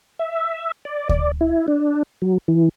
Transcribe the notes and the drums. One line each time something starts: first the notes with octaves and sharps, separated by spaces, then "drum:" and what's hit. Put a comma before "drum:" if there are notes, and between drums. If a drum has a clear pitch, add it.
E5
D5
D5, drum: kick D2
E4
D4
F#3
E3